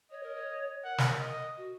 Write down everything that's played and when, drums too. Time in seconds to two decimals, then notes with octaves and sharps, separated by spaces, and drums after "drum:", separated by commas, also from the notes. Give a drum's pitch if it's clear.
0.11 C#5 D#5
0.23 A#4
0.35 C#5
0.84 A#4 F#5
0.98 drum: snare
1.20 D#5
1.57 F#4